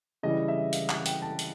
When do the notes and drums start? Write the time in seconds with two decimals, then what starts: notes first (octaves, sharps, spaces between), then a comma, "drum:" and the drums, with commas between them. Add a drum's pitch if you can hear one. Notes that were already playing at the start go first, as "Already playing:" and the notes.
0.23 C#3 E3 G3 D#5
0.48 E5
0.73 F5, drum: hi-hat
0.89 F#5, drum: clap
1.06 G5, drum: hi-hat
1.22 A5
1.39 drum: hi-hat